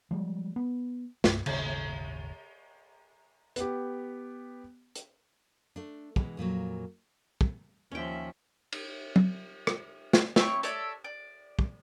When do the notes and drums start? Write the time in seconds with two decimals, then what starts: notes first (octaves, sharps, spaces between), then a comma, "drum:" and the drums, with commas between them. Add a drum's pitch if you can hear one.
0.11 F3 G3 G#3
0.56 B3
1.24 C2 G2, drum: snare
1.46 D#1 G#1 D#2 C#3, drum: cymbal
3.56 B3 G4, drum: hi-hat
4.95 drum: hi-hat
5.76 A3 D4
6.16 B2 E3 G#3, drum: kick
6.37 F2 A#2 F3 F#3
7.41 drum: kick
7.92 D#2 F3 C#4 E5 G5
8.72 drum: cymbal
9.16 drum: tom
9.67 drum: rim click
10.13 drum: snare
10.36 C4 E4 C#5 C#6, drum: snare
10.63 A4 C#5 D5 E5, drum: hi-hat
11.04 D5
11.59 drum: kick